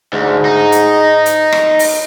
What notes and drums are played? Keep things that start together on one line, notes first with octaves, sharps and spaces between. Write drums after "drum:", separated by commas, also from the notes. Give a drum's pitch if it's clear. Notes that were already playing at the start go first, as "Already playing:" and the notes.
D2 G#2
D#4
drum: hi-hat
drum: hi-hat
drum: rim click
drum: open hi-hat